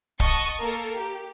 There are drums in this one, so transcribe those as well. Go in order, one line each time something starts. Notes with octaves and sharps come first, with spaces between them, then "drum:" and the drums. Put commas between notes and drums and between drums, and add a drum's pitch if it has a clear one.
D#5 F#5 A5 C#6 D#6, drum: kick
A#3 A4 A#4
G4